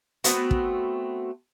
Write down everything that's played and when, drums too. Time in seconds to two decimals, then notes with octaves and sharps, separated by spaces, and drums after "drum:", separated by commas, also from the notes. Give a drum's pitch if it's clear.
0.24 A3 B3 C4 F#4, drum: hi-hat
0.51 drum: kick